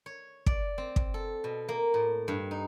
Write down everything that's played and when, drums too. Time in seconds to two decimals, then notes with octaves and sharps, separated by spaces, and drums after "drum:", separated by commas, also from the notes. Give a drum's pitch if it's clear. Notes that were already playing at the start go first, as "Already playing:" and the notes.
0.06 C#5
0.46 D5, drum: kick
0.78 C4
0.96 drum: kick
1.14 A4
1.44 B2
1.69 A#3
1.94 A2
2.28 G2
2.51 D#4